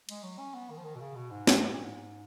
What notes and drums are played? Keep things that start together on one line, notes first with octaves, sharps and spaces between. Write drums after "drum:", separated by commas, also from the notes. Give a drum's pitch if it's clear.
G#3, drum: cymbal
F#3
C#4
B3
D#3
F3
D#3
B2
C#3
B2
G#2
drum: snare
G#2
A#2
G#2